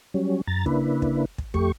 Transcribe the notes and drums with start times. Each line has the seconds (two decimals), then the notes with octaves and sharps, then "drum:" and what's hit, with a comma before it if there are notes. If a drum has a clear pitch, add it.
0.14 F#3 G3 C#4
0.47 F#2 A#5 A6
0.66 C#3 A#3 D4 E4 B4, drum: kick
1.02 drum: kick
1.38 drum: kick
1.54 F2 A3 G4 C#6, drum: kick